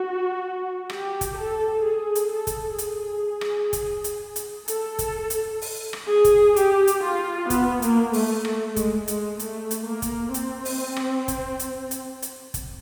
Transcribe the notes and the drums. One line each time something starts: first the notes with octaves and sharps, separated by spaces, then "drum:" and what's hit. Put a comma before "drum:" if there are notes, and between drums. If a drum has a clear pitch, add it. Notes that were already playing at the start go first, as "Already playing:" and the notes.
Already playing: F#4
G4, drum: rim click
drum: kick, hi-hat
A4
G#4
drum: hi-hat
A4
drum: kick, hi-hat
G#4, drum: hi-hat
drum: rim click
drum: kick, hi-hat
drum: hi-hat
drum: hi-hat
A4, drum: hi-hat
drum: kick, hi-hat
drum: hi-hat
drum: open hi-hat
drum: rim click
G#4
drum: kick, hi-hat
G4, drum: hi-hat
drum: hi-hat
F4
B3, drum: kick, hi-hat
A#3, drum: hi-hat
A3, drum: open hi-hat
A3, drum: rim click
G#3, drum: kick, hi-hat
G#3, drum: hi-hat
A3, drum: hi-hat
drum: hi-hat
A#3
drum: kick, hi-hat
C4, drum: hi-hat
drum: open hi-hat
drum: rim click
drum: kick, hi-hat
drum: hi-hat
drum: hi-hat
drum: hi-hat
drum: kick, hi-hat